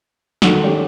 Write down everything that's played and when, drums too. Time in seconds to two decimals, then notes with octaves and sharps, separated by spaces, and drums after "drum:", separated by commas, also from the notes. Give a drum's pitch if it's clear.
0.42 D#3 F#4 A4, drum: snare
0.64 C#4 G4 D5